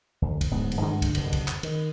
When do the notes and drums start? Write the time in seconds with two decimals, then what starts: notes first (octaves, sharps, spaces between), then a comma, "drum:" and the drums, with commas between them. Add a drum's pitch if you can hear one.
0.22 D2
0.41 drum: kick, cymbal
0.51 D1 G#2 B3
0.72 drum: cymbal
0.81 G2 D3 G#3 A3
1.02 drum: kick, cymbal
1.15 F#1 G2 B2 D3, drum: cymbal
1.33 drum: kick, cymbal
1.48 drum: clap
1.63 D#3, drum: cymbal